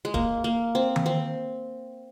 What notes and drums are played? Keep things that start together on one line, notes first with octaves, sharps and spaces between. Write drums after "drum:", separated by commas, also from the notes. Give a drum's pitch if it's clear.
G#3
A#3, drum: kick D1
A#3
C4
drum: tom D#3
C4